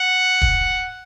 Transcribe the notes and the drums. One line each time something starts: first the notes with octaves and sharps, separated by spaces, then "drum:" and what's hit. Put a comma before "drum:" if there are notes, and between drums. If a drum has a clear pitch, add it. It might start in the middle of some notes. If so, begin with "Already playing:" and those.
Already playing: F#5
drum: kick